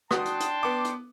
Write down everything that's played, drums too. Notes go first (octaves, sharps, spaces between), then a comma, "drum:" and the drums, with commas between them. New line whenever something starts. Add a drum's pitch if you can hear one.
D4 F#4 G5 A5 C6 D#6, drum: rim click
drum: hi-hat
drum: hi-hat
B3 D6
drum: hi-hat